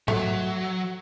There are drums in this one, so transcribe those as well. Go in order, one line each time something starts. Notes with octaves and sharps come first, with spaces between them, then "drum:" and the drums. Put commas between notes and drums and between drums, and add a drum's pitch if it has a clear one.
F#3 A3, drum: tom G#2